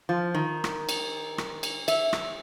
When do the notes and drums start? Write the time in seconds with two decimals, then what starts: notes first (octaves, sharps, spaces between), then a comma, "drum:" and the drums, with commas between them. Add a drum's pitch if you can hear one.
0.09 F3
0.34 D#3
0.64 drum: rim click
0.89 drum: cymbal
1.38 drum: rim click
1.63 drum: cymbal
1.88 E5, drum: cymbal
2.13 drum: rim click